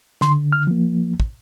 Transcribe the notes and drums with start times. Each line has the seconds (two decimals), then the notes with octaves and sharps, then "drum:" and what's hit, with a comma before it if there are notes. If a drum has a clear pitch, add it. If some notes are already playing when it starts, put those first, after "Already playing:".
0.21 D3 C6, drum: snare
0.52 F6
0.67 F3 A#3
1.20 drum: kick